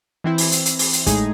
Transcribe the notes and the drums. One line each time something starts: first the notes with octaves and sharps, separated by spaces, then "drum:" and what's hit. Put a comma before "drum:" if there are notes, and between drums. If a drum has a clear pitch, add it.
E3 C4 E4
drum: open hi-hat
drum: hi-hat
drum: hi-hat
drum: open hi-hat
drum: hi-hat
A2 G#3 D#4 G#4, drum: kick, hi-hat